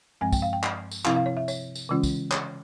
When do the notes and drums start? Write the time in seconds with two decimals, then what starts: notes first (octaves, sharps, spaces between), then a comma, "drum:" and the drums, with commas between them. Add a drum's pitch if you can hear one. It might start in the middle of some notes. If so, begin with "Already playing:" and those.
0.21 G2 F3 G#3 C4 G#5
0.32 G5, drum: kick, tambourine
0.42 F5
0.53 G5
0.63 drum: clap
0.91 drum: tambourine
1.05 C3 F3 C4 E4 F5, drum: clap
1.16 F5
1.26 C#5
1.37 E5
1.48 C#5, drum: tambourine
1.75 drum: tambourine
1.89 C#3 E3 G#3 C#4 F4
2.03 drum: kick, tambourine
2.31 C#5, drum: clap